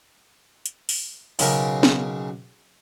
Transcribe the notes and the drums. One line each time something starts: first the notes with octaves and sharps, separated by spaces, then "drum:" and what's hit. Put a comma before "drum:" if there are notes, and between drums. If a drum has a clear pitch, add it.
drum: hi-hat
drum: open hi-hat
B1 C#3 C#4 A#4, drum: open hi-hat
drum: snare